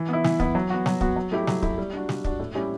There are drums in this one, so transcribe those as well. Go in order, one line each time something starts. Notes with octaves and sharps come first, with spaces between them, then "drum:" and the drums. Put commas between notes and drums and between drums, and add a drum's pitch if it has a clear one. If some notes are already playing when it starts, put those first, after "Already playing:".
Already playing: E3
B3 E4
E3, drum: snare
B3 E4, drum: kick
F#3
B3 F#4
F#3, drum: snare
B3 F#4, drum: kick
F#3
A3 E4 G4
F#3, drum: snare
A3 E4 G4, drum: kick
G3
D4 F#4
G3, drum: snare
D4 F#4, drum: kick
A2
G3 C#4 E4 G4